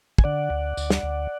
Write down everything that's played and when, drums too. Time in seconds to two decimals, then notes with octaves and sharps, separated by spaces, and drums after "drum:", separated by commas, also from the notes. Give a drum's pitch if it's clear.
0.18 G#5, drum: kick
0.24 D3 D5 F#5
0.50 D2
0.77 D2, drum: tambourine
0.90 drum: snare
1.03 D2